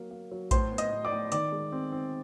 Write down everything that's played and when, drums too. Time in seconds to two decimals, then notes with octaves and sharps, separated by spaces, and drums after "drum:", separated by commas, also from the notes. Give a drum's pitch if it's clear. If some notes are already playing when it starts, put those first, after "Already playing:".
Already playing: F#3 A#3
0.11 A#3
0.32 F#3
0.51 A2 C5 C6, drum: kick A#1, hi-hat
0.72 B3
0.78 D#5 D#6, drum: hi-hat
0.92 A2
1.05 D5 D6
1.12 A2
1.32 D#3 D5 D6, drum: hi-hat
1.52 G#3
1.72 C4
1.92 C4